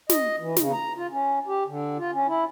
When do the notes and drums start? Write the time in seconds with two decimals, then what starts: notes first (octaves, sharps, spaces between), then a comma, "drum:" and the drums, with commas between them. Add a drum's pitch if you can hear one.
0.10 D#5, drum: snare
0.39 E3
0.56 C#3, drum: snare
0.73 A#5
0.96 F4
1.11 C#4
1.47 G4
1.67 D3
1.98 F4
2.13 C#4
2.27 E4